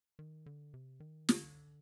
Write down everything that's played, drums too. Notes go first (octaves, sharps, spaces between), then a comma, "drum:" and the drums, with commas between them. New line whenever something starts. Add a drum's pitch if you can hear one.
D#3
D3
C3
D#3
D3, drum: snare